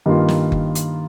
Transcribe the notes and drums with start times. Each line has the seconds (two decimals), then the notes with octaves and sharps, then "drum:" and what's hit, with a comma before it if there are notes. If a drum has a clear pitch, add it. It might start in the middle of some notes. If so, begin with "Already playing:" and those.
0.06 G2 D#3 A#3 F4
0.28 drum: snare
0.52 drum: kick F#1
0.75 drum: hi-hat